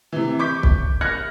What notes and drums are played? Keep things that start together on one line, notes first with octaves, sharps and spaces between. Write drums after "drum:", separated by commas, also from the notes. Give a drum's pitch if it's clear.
C3 E3
C#6 D6 G6 B6
drum: kick
F6 F#6 G#6 A#6 C#7